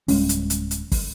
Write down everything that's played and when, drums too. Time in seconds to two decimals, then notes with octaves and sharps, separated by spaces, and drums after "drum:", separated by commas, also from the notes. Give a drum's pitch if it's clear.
0.08 D1 G3 G#3 C#4, drum: open hi-hat
0.29 drum: hi-hat
0.50 drum: hi-hat
0.71 drum: hi-hat
0.92 drum: kick, open hi-hat